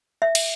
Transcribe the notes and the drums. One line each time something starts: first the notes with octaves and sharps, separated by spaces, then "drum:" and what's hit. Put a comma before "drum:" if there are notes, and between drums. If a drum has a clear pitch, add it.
E5
drum: cymbal